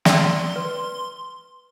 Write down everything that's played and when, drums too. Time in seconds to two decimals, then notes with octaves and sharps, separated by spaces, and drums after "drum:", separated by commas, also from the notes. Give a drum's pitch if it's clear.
0.05 D5 C6 E6, drum: snare
0.56 B4